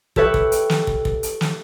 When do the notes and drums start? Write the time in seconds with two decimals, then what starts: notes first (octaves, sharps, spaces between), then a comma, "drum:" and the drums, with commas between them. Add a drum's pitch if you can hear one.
0.16 G4 A4 B4 C#5 E5, drum: kick
0.34 drum: kick
0.52 drum: hi-hat
0.70 drum: snare
0.87 drum: kick
1.05 drum: kick
1.23 drum: hi-hat
1.41 drum: snare